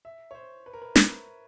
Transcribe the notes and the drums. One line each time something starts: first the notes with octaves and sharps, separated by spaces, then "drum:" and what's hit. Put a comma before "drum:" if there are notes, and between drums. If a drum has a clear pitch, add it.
E5
C#5
C5
B4
A#4
B4
B4, drum: snare